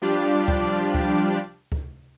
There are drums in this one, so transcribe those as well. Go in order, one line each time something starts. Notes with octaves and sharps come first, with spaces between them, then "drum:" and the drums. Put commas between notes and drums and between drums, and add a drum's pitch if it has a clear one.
F3 G3 D4 F4 G4 D5
drum: kick C#2
drum: kick C#2
drum: kick C#2